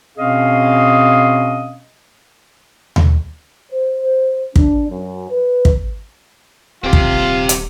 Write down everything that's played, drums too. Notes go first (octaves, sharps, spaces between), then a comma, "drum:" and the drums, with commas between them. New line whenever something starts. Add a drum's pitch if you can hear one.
B2 C4 C#4 G#4 D#5 F5
drum: tom D#2
C5
D4, drum: kick
F#2
B4
drum: kick
D#1 C4 F4 G4
drum: kick
drum: hi-hat